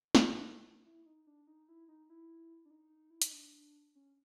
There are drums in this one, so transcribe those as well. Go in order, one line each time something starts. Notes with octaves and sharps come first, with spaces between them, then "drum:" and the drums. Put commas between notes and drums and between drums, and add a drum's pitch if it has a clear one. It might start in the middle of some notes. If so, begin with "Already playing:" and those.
drum: snare
D4
D#4
E4
D#4
D4
D#4
E4
D#4
E4
D4
D#4
E4
D#4, drum: hi-hat
D4
C#4